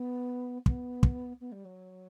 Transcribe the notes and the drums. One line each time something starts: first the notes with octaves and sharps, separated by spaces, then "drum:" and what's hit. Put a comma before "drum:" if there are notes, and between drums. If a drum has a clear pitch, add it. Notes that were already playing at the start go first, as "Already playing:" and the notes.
Already playing: B3
B3, drum: kick
drum: kick
B3
G3
F#3